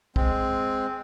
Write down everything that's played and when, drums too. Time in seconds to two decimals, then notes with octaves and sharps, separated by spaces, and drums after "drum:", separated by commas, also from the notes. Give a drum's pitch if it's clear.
0.16 G#3 C4, drum: kick